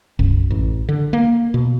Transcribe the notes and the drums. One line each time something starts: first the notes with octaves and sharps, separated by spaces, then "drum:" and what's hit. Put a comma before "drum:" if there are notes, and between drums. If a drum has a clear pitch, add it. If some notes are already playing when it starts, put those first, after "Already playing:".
F#2, drum: kick
A1
D3
A#3
B2